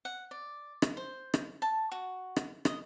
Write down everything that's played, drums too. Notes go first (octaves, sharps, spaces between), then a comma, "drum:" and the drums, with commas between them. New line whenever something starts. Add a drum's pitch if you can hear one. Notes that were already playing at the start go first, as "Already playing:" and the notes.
F#5
D5
drum: rim click
C5
drum: rim click
A5
F#4
drum: rim click
D#5, drum: rim click